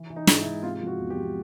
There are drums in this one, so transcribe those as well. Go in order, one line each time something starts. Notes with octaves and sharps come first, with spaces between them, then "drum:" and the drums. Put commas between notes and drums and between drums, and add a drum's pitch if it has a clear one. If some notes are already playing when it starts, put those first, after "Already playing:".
Already playing: E3
E3
D#4
G#2, drum: snare
E4
G#2
C3 F4
F3
F#4
E2
G4
F3